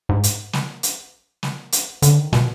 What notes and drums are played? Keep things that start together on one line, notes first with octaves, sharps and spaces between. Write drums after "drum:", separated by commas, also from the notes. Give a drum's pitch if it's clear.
G#2
drum: hi-hat
drum: snare
drum: hi-hat
drum: snare
drum: hi-hat
D3, drum: hi-hat
D#3
B2, drum: snare